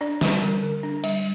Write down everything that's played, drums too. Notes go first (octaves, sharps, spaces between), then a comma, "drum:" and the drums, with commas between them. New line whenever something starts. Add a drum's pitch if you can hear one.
D4 D5
G3, drum: snare
D3
D3
D4
G3, drum: cymbal